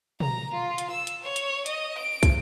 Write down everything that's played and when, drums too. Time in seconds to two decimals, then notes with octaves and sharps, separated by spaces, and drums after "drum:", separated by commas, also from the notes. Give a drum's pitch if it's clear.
0.20 A#5, drum: tom
0.53 F4
0.78 drum: hi-hat
0.89 E6
1.07 drum: hi-hat
1.23 C#5
1.36 drum: hi-hat
1.66 D#5, drum: hi-hat
1.97 D7
2.23 drum: kick, hi-hat